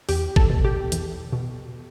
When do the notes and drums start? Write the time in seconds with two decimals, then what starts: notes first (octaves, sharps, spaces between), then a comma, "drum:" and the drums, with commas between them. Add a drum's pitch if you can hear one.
0.09 E2 G4, drum: open hi-hat
0.36 A4, drum: kick
0.50 B2
0.65 G4
0.92 E2, drum: hi-hat
1.33 B2